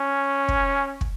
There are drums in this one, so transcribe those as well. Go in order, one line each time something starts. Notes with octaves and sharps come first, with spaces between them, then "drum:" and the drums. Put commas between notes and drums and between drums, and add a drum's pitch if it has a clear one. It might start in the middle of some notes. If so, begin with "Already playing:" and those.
Already playing: C#4
drum: kick
drum: kick